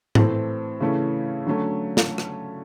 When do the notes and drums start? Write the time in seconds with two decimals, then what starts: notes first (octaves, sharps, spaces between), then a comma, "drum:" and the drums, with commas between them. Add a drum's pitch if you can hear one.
0.15 A2 E3 A3 C4, drum: tom G#2
0.80 C#3 E3 A3 C#4 E4
1.46 D3 F#3 A3 C#4
1.97 drum: snare
2.18 drum: rim click